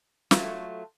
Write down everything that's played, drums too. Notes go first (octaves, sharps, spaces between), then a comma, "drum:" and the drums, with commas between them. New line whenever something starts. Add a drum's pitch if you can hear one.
F#3 A3 F4, drum: snare